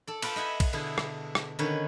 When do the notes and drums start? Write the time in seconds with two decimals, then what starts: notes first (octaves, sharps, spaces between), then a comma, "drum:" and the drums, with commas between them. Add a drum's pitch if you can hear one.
0.07 A4 D5
0.22 F4 B4 D5 G5 A5, drum: cymbal
0.36 D#5 E5 F#5 G#5 B5
0.60 drum: kick, cymbal
0.73 B2 D3 D4 E4 G#4
0.98 drum: rim click
1.35 drum: rim click
1.59 D3 D#3 C#4 B4 C#5